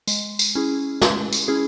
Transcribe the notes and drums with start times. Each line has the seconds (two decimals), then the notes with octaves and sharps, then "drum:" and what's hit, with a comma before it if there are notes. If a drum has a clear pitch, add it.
0.08 G#3, drum: tambourine
0.39 drum: tambourine
0.55 C#4 E4 G#4
1.01 G#3, drum: snare
1.33 drum: tambourine
1.48 C#4 E4 G#4